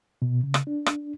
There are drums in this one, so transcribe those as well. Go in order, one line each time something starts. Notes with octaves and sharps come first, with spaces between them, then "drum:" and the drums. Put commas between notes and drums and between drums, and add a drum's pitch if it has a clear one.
B2
C#3
drum: rim click
D4
drum: rim click